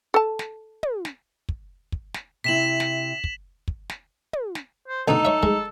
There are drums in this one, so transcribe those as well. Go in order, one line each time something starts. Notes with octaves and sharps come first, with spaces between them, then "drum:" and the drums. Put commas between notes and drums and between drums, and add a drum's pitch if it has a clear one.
A4 A5
drum: snare
drum: tom
drum: snare
drum: kick
drum: kick
drum: snare
C3 E4 B6 E7 F#7
drum: snare
drum: kick
drum: kick
drum: snare
drum: tom
drum: snare
C5
D2 B2 D#4 A4
C#5 E5
G#3, drum: kick